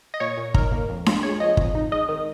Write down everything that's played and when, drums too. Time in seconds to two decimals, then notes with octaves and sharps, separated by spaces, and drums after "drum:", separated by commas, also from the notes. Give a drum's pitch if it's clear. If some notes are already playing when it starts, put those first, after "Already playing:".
0.14 D#5
0.20 A#2 C#5
0.38 A#2
0.54 D#4 A#4, drum: kick
0.72 A#3
0.89 F2
1.06 F4, drum: snare D4
1.23 G#3 C#5
1.40 F3 D#5
1.57 F2, drum: kick
1.75 D#4
1.92 G#3 D#5
2.08 D#3